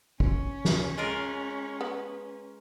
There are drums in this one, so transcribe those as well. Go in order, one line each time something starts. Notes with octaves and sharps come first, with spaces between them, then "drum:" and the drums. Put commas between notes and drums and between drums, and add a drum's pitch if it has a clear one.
C#4, drum: kick
drum: snare
G#3 F4 A#4
B3